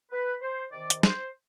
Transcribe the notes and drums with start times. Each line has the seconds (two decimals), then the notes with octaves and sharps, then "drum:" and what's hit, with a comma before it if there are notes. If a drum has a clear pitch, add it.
0.12 B4
0.42 C5
0.72 C3 D#3 D5
0.90 drum: hi-hat
1.03 C5, drum: snare